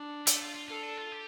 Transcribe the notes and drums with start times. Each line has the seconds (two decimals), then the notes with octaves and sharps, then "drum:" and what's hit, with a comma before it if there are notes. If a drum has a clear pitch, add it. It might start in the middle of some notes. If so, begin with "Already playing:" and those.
Already playing: D4
0.27 A3, drum: hi-hat
0.40 F4
0.55 F4
0.69 F4 A4
0.83 D4
0.97 F4
1.12 G4